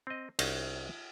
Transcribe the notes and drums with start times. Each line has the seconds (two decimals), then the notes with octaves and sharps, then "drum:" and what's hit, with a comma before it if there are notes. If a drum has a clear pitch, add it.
0.07 C4 D#5
0.39 C2 C#4 D#4 F#4 C5 D#5, drum: cymbal